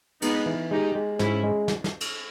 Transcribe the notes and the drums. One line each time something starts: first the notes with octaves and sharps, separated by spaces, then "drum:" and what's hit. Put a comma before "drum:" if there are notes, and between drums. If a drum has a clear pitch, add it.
G#3 B3 D#4, drum: cymbal
E3
G#3 D#4 G4
G#3
G#2 C#4 E4, drum: snare
G#3
drum: snare
drum: snare
drum: cymbal